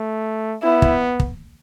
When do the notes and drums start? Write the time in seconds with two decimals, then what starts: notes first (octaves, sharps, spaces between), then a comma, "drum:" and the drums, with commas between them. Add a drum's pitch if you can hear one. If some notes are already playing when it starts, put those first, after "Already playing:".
Already playing: A3
0.63 B3 E4
0.82 drum: kick
1.20 drum: kick